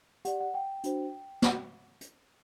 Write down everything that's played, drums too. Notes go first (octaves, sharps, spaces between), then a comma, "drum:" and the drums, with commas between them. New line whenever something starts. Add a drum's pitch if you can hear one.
G4 D5 F#5, drum: hi-hat
F#5
G5
D4 F#4 C5, drum: hi-hat
drum: snare
drum: hi-hat